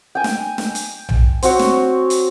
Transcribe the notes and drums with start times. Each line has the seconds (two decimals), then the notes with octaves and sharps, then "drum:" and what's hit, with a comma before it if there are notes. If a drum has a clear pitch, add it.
0.15 G5 G#5
0.24 drum: snare
0.58 drum: snare
0.75 drum: hi-hat
1.09 drum: tom A#1
1.42 C4 F#4 C#5, drum: hi-hat
1.59 drum: snare
2.10 drum: hi-hat